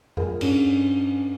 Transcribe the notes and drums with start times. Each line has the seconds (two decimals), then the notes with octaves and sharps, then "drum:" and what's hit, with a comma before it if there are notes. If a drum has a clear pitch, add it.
0.17 F4 G#4 A#4, drum: tom F2
0.41 G2 C#4 D4, drum: cymbal